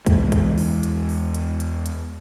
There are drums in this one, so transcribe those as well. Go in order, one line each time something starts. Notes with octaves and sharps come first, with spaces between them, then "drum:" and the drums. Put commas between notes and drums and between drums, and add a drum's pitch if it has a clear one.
E2 E3 G#3, drum: kick, hi-hat
drum: kick, hi-hat
drum: open hi-hat
drum: hi-hat
drum: open hi-hat
drum: hi-hat
drum: hi-hat
drum: hi-hat